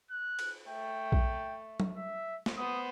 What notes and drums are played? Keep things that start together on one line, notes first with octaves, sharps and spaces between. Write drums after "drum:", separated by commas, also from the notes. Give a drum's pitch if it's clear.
F#6
drum: cymbal
A3 G5
drum: kick A#1
drum: tom F#3
E5
drum: snare
B3 C5 D#6